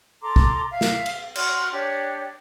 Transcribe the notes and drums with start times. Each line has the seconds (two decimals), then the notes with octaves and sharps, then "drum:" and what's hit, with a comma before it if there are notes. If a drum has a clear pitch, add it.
0.21 A4 A#5 C6 D6
0.36 drum: kick
0.69 E5 F5
0.81 drum: snare
1.06 drum: cymbal
1.35 F#4 C6 F6, drum: cymbal
1.71 D4 G4 C#5